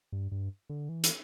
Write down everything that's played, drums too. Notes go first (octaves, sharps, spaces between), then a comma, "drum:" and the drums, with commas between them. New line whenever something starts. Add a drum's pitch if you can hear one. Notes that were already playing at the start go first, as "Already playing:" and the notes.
G2
G2
D3
E3
drum: hi-hat